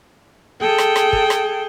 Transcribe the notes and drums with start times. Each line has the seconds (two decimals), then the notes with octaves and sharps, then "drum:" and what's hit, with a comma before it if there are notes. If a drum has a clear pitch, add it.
0.61 G#4 A4 G5
0.78 drum: rim click
0.96 drum: rim click
1.13 drum: kick
1.30 drum: rim click